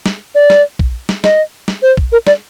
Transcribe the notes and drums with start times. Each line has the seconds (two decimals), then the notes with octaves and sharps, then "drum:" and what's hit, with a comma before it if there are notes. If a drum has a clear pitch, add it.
0.06 drum: snare
0.35 D5
0.50 drum: snare
0.79 drum: kick
1.09 drum: snare
1.24 D#5, drum: snare
1.68 drum: snare
1.82 C5
1.97 drum: kick
2.12 A#4
2.27 D5, drum: snare